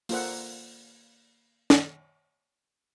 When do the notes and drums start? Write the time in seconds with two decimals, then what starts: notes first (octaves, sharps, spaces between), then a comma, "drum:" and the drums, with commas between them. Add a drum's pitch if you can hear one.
0.09 A#3 F4 A4 C5 F#5, drum: open hi-hat
1.70 drum: snare